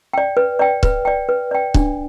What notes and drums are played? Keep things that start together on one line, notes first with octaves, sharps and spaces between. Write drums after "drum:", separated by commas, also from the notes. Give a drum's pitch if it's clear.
D5 G5
B4
D5 G5
B4, drum: kick C#1
D5 G5
B4
D5 G5
D4, drum: kick C#1